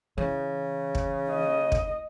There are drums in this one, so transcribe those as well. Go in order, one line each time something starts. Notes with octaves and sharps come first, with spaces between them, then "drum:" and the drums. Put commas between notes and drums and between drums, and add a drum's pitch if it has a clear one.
C#3 E3
drum: kick
D#5
drum: kick